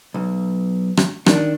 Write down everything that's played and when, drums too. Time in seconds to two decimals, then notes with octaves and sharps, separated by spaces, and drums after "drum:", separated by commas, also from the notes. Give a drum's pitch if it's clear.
0.14 B1
0.97 drum: rim click
1.26 D#3 D4, drum: rim click